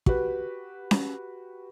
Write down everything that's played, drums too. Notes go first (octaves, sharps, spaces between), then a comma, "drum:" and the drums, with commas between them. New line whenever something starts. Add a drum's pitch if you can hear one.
F#4 G4 B4, drum: kick
drum: snare C#4